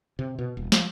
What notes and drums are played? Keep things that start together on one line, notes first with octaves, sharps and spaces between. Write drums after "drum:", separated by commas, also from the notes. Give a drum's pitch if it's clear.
C3
B2
D#1
F3, drum: snare